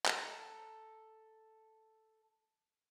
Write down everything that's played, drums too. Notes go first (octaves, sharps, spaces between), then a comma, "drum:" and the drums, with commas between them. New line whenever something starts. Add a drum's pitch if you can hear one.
A4 A#5, drum: clap